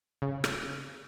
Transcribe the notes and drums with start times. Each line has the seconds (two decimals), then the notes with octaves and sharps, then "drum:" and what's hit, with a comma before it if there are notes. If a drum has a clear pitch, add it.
0.22 C#3
0.44 drum: rim click